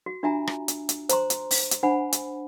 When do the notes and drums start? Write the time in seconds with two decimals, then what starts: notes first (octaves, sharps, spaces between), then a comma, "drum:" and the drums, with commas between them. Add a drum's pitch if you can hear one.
0.06 F#4
0.23 D4 F4 F#4 E5 G#5 A#5
0.47 drum: rim click
0.68 drum: hi-hat
0.89 drum: hi-hat
1.09 C5 A#5 C6, drum: hi-hat
1.30 drum: hi-hat
1.51 drum: open hi-hat
1.71 drum: hi-hat
1.83 D4 C5 F#5 G#5 B5
2.13 drum: hi-hat